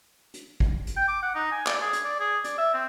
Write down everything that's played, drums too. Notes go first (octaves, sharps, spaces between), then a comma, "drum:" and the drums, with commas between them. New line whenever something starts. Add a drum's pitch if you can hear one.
drum: hi-hat
drum: kick G#1
drum: hi-hat
G5
D6
F#5
D#4
G#5
D5, drum: clap
G#4
drum: hi-hat
D5
G#4
D5, drum: hi-hat
E5
C4